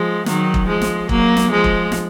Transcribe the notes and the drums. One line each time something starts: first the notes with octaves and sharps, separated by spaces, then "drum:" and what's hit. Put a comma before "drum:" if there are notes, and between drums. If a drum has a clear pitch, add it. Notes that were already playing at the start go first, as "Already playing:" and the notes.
Already playing: F3 G#3
D#3 F#3, drum: snare
drum: kick E1
F3 G#3
drum: snare
F#3 A#3, drum: kick E1
drum: snare
F3 G#3
drum: kick E1
drum: snare